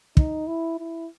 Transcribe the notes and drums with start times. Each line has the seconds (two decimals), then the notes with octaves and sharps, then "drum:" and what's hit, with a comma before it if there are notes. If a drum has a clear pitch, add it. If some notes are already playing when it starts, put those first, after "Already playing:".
0.17 D#4, drum: kick
0.47 E4
0.79 E4